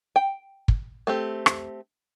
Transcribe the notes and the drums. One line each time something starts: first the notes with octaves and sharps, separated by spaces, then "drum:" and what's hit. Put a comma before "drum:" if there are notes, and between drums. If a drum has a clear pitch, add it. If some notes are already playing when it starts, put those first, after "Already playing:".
G5
drum: kick
A3 C4 G4
drum: rim click